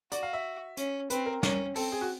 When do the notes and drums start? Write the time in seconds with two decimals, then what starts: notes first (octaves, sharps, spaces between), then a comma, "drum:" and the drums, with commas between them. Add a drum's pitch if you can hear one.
0.12 F#4 D5, drum: hi-hat
0.23 F5
0.33 E5
0.77 C#4, drum: hi-hat
1.10 C4 B4, drum: hi-hat
1.26 A#4
1.43 C#4, drum: snare
1.75 C4 A4, drum: open hi-hat
1.92 G#4
2.01 F#4